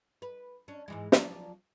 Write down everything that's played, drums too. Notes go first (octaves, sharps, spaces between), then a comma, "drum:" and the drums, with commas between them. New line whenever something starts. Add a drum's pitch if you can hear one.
B4
C#4 D4
G#2 E3 G#3
F3 F#3 D5, drum: snare